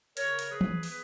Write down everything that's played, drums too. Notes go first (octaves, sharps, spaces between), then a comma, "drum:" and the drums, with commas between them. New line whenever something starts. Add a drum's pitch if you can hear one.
C#3 A#4 C#5, drum: hi-hat
drum: hi-hat
F3 G#4 B4
drum: tom E3
B3 G#4 B4, drum: open hi-hat